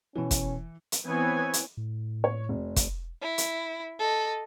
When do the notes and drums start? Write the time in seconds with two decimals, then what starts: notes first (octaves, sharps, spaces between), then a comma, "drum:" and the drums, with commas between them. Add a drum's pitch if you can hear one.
0.16 B2 E3 C#4 B4
0.31 drum: kick, hi-hat
0.92 drum: hi-hat
1.05 E3 B3 C4 B4 C#5 G#5
1.53 drum: hi-hat
1.77 A2
2.24 C#5
2.49 F1
2.76 drum: kick, hi-hat
3.22 E4
3.38 drum: hi-hat
3.99 A4 D#5